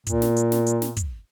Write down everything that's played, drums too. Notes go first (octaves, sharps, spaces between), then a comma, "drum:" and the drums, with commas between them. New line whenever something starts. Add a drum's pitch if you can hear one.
A#2, drum: kick, hi-hat
drum: snare
drum: hi-hat
drum: snare
drum: hi-hat
drum: snare
drum: kick, hi-hat